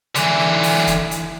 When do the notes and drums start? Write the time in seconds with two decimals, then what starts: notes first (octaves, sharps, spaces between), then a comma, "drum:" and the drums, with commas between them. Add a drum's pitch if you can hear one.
0.15 D3 E3, drum: hi-hat
0.39 drum: snare
0.63 drum: open hi-hat
0.87 drum: kick E1, hi-hat
1.11 drum: hi-hat